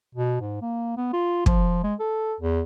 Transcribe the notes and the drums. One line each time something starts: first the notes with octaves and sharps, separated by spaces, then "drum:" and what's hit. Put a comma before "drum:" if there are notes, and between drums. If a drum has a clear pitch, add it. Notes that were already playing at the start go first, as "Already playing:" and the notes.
B2
G#2
A#3
B3
F4
F3, drum: kick
G#3
A4
E2